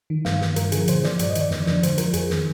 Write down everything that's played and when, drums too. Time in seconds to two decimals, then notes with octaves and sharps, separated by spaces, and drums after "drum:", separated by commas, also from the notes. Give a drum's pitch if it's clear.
0.10 D#3
0.25 G2 F5, drum: snare
0.41 D#3, drum: snare
0.56 G2 A#4, drum: hi-hat
0.72 D3 G#4, drum: hi-hat
0.77 F3
0.88 A#2 C5, drum: hi-hat
1.03 F3 D5, drum: snare
1.19 G2 D5, drum: hi-hat
1.30 D#5
1.35 D#3, drum: hi-hat
1.40 D5
1.51 F2, drum: snare
1.66 D3 F3, drum: snare
1.83 G#2 C5, drum: hi-hat
1.98 F3 A#4, drum: hi-hat
2.13 F2 G#4, drum: hi-hat
2.30 D#3, drum: snare